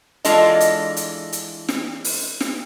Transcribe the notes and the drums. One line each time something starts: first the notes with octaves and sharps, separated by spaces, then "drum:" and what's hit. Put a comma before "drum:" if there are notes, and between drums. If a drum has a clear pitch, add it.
E3 G#3 D4 F4 A4 D#5, drum: hi-hat
drum: hi-hat
drum: hi-hat
drum: hi-hat
drum: snare
drum: open hi-hat
drum: snare